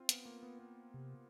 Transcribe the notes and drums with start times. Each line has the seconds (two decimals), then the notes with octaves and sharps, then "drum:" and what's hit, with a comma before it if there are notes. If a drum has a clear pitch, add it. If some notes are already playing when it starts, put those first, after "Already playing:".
Already playing: C4 F4
0.09 B3, drum: hi-hat
0.25 A#3
0.43 B3
0.59 B3
0.94 C3